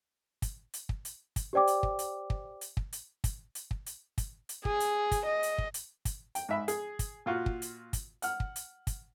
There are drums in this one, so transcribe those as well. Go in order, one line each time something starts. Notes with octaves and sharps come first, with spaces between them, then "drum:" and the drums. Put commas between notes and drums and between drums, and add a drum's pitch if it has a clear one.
drum: kick, hi-hat
drum: hi-hat
drum: kick
drum: hi-hat
drum: kick, hi-hat
G4 C5 D5 G5 D6
drum: hi-hat
drum: kick
drum: hi-hat
drum: kick
drum: hi-hat
drum: kick
drum: hi-hat
drum: kick, hi-hat
drum: hi-hat
drum: kick
drum: hi-hat
drum: kick, hi-hat
drum: hi-hat
G#4, drum: kick
drum: hi-hat
drum: kick, hi-hat
D#5
drum: hi-hat
drum: kick
drum: hi-hat
drum: kick, hi-hat
G5, drum: hi-hat
G#2 E5 B5
G#4, drum: hi-hat
drum: kick, hi-hat
A#2 F4 F#4
drum: kick
drum: hi-hat
drum: kick, hi-hat
F#5 F6, drum: hi-hat
drum: kick
drum: hi-hat
drum: kick, hi-hat